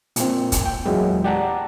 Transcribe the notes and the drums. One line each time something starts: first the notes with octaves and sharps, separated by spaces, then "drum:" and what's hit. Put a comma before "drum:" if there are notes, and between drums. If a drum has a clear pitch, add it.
A#2 C4, drum: hi-hat
drum: kick, hi-hat
G5
E2 A#2 E3 F#3 G#3
G4 D5 F#5 A5 A#5